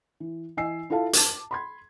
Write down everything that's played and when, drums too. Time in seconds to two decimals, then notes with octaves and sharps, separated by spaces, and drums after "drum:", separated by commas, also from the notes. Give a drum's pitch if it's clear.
0.20 E3
0.57 E3 D#5 G#5 E6 C7
0.90 E4 F4 A4 F5 A5
1.13 A5 D6, drum: hi-hat
1.51 B5 C6 G#6